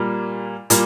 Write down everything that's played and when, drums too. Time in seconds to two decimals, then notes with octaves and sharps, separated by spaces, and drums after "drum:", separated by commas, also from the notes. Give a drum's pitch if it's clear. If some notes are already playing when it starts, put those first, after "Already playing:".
Already playing: A#2 G3 A#3
0.70 A#2 G3 A#3, drum: hi-hat